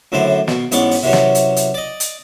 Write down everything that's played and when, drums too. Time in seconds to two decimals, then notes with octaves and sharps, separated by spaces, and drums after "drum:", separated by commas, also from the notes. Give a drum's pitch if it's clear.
0.12 F#2 A2 D3 E4 C5
0.48 B2, drum: snare
0.72 A1 G#2 B3 C#5 D5, drum: hi-hat
0.91 drum: open hi-hat
1.03 C3 E3 F#3 C#4
1.13 drum: snare
1.35 drum: hi-hat
1.56 drum: hi-hat
1.74 D5 D#5
2.00 drum: hi-hat